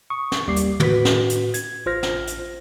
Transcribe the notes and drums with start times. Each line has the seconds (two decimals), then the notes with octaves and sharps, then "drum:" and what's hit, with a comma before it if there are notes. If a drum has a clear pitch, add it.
0.10 C#6 D#6
0.32 drum: snare
0.47 G#1 D#2 G3 A#3 D6 C7
0.56 drum: hi-hat
0.80 A2 F#4 B4 B6, drum: tom
1.05 drum: snare
1.29 drum: hi-hat
1.54 G#6, drum: hi-hat
1.86 A1 F4 C5 F6 A#6
2.03 drum: snare
2.27 drum: hi-hat